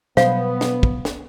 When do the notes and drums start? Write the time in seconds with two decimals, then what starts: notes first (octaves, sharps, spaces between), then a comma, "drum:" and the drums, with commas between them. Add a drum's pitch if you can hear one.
0.17 B2 F#3 G3 B3 C5 F5, drum: snare
0.61 drum: snare
0.83 drum: kick
1.05 drum: snare